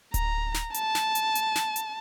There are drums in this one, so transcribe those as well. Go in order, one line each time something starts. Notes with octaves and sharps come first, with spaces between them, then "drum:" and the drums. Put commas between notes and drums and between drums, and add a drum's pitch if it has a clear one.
A#5, drum: kick D1, hi-hat
drum: snare
A5, drum: hi-hat
drum: snare
drum: hi-hat
drum: hi-hat
drum: snare
drum: hi-hat